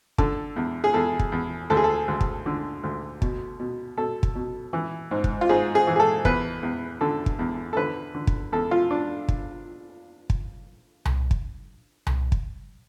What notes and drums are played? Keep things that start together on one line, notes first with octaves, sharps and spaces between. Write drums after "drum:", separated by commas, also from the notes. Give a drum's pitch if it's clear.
D3 A4, drum: kick
E2
G#4
E2 A4
drum: kick
E2
D2 A4
G#4
A4
D2
drum: kick
D3
D2
B2, drum: kick
B2
B2 A4
drum: kick
B2
E3
G#2
drum: kick
F4
G#2 G#4
G#4
E3
G#4
A4
E2 B4, drum: kick
E2
D3 A4
drum: kick
E2
A4
D3 B4
D3
drum: kick
E2 A4
F4
D4
drum: kick
drum: kick
drum: tom C2
drum: kick
drum: tom C2
drum: kick